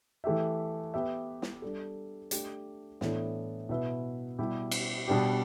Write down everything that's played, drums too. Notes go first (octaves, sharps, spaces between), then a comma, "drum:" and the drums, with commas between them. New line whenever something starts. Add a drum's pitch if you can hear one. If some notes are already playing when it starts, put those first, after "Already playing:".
E3 A3 G4 E5
B3 G4 B4 E5
drum: snare
G3 D4 A4
A3 D4 G4, drum: hi-hat
A2 E3 B3 D4 A4, drum: snare
B2 B3 E4 B4 E5
B2 G3 E4 G4
drum: cymbal
B2 G3 B3 D4 G4